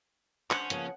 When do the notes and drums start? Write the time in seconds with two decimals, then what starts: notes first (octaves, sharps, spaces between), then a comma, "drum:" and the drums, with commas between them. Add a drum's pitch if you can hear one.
0.51 C#4 D4 C5 F#5, drum: clap
0.70 C#3 F3 A#3 B3 G#4, drum: hi-hat